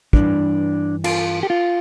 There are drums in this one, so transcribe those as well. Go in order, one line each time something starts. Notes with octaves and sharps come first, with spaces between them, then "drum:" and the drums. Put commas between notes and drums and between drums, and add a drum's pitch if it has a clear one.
G2 E3 D4, drum: kick
F4, drum: cymbal
G4
F4